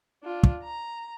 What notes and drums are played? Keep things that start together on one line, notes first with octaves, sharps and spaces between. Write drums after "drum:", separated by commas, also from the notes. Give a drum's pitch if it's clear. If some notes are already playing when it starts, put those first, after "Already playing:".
D4 F4
drum: kick
A#5